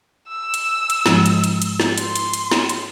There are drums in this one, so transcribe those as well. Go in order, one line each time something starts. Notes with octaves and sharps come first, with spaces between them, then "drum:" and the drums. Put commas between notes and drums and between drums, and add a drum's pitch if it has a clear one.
E6
drum: hi-hat
drum: hi-hat
G#2 F3 G#3, drum: snare
drum: hi-hat
drum: hi-hat
drum: hi-hat
drum: snare
C6, drum: hi-hat
drum: hi-hat
drum: hi-hat
drum: snare
drum: hi-hat